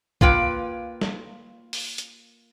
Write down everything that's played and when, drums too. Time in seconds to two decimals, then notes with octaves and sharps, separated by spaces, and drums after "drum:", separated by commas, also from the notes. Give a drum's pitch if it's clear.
0.21 A#3 F4 B4 G5, drum: kick B1
1.01 drum: snare
1.73 drum: open hi-hat
1.98 drum: hi-hat